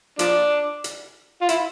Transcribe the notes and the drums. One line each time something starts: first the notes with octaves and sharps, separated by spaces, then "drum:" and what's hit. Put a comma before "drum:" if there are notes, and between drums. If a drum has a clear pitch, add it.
F3 D4, drum: hi-hat
drum: hi-hat
F4
E4, drum: hi-hat